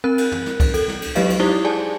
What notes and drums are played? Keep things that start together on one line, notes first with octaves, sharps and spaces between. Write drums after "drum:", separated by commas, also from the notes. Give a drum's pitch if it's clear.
C4 A#4 F#6
drum: cymbal
drum: tom
drum: snare
drum: kick C2, cymbal
A4, drum: cymbal
drum: snare
drum: cymbal
F#3 G#3 G4 B4 D#5 F5, drum: cymbal
drum: cymbal
D#4 E4 G4 C5 D#6 G7
G#4 D5 G#5 A5